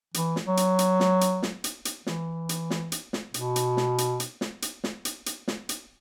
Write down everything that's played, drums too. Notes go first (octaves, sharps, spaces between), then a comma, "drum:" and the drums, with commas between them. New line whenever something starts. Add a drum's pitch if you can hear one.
E3, drum: hi-hat
drum: snare
F#3
drum: hi-hat
drum: hi-hat
drum: snare
drum: hi-hat
drum: snare
drum: hi-hat
drum: hi-hat
E3, drum: snare
drum: hi-hat
drum: snare
drum: hi-hat
drum: snare
B2, drum: hi-hat
drum: hi-hat
drum: snare
drum: hi-hat
drum: hi-hat
drum: snare
drum: hi-hat
drum: snare
drum: hi-hat
drum: hi-hat
drum: snare
drum: hi-hat